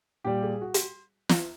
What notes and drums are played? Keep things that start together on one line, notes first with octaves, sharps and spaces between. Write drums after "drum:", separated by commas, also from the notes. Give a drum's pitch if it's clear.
A#2 G3 G4
G#4
F#4
drum: hi-hat
drum: snare